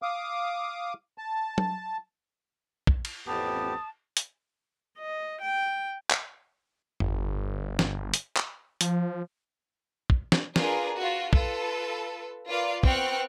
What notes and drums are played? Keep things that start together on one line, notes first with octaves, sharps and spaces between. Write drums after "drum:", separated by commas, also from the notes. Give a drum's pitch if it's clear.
F5 D6 D#6
A5
drum: tom
drum: kick
drum: cymbal
A1 F2 B3 G4 A5 D#6
drum: hi-hat
D#5
G5
drum: clap
G1, drum: tom F2
drum: snare
drum: hi-hat
drum: clap
F3, drum: hi-hat
drum: kick
drum: snare
D4 F4 G#4 A#4 B4, drum: snare
F4 F#4
F4 A4 B4, drum: kick
F4 A#4 B4 D5 F5
B3 C4 G5 C#6 F6 F#6, drum: kick